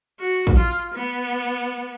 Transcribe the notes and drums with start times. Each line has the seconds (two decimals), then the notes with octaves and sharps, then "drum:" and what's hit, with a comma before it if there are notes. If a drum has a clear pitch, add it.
0.20 F#4
0.47 drum: kick
0.57 F4
0.94 B3